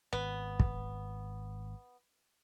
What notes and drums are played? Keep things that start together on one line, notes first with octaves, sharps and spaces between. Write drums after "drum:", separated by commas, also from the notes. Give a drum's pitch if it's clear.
G#1 B3
drum: kick